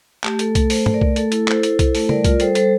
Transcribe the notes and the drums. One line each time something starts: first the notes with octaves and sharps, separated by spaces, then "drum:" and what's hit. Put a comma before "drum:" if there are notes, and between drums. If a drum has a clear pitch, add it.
A3 G4, drum: clap
A3 A4, drum: hi-hat
A3 A4, drum: kick C2, hi-hat
A3 A4 C5, drum: open hi-hat
A3, drum: tom
A#4 D5
A3, drum: kick C2
A3 A4, drum: hi-hat
E4 A4, drum: hi-hat
E4 A4 C5, drum: clap
E4, drum: hi-hat
E4, drum: kick C2, hi-hat
A3, drum: open hi-hat
G3 A#4 D5, drum: tom
F4 A#4 D5, drum: kick C2, hi-hat
G3 A4 C5, drum: hi-hat
G3 A4 C5, drum: hi-hat